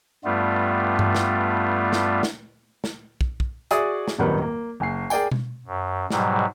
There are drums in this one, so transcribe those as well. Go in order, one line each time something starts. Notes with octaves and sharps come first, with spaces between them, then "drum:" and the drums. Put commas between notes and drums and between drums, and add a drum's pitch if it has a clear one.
G2 G3 A3 B3 F4
drum: tom G2
drum: snare
drum: snare
drum: snare
drum: snare
drum: kick
drum: kick
F#4 G#4 D5 E5 D#6, drum: hi-hat
drum: snare
D#1 G#1 F#2 D#3 G3 B4
A#3
F#1 G#5 C7
G#4 A#4 D5 G5 G#5, drum: tambourine
drum: tom B2
F#2
G#2 B2 F#3 G3, drum: snare